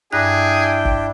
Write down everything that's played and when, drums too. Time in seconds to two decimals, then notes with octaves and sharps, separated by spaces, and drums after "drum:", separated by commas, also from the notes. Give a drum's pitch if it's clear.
0.13 G2 D4 E4 G#4 G5 F#6
0.85 drum: kick G1